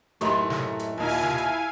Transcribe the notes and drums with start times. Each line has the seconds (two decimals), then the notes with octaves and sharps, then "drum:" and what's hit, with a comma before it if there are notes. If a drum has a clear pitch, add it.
0.21 F#1 A2 A3 D#4 G4 B5 C6, drum: hi-hat
0.50 drum: snare
0.79 drum: hi-hat
0.98 D#2 A#2 D#4 E4 F5 G#5
1.09 drum: open hi-hat
1.23 drum: snare
1.38 drum: hi-hat